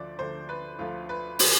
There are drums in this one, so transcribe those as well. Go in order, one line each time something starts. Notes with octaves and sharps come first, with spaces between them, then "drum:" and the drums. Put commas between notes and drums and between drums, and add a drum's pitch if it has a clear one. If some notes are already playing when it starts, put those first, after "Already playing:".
Already playing: D2 D3 F3 D5
D2 D3 F3 C5
B4
D2 D3 F3 F4
B4
D3 F3 C5, drum: open hi-hat